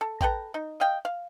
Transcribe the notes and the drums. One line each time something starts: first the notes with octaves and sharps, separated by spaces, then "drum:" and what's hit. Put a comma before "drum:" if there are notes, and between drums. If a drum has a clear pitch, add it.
A4
A4 B4 G5 A#5, drum: kick A1
D#4
D#5 F5 G5
F5